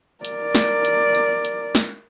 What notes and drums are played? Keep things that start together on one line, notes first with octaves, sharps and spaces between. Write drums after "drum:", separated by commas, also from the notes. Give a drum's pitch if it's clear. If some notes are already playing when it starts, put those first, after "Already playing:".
A#4 D5, drum: hi-hat
drum: snare
drum: hi-hat
drum: hi-hat
drum: hi-hat
drum: snare